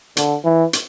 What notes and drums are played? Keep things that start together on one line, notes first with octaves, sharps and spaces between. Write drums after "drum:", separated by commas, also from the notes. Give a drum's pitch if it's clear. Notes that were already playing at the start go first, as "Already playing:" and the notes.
D3, drum: hi-hat
E3
drum: hi-hat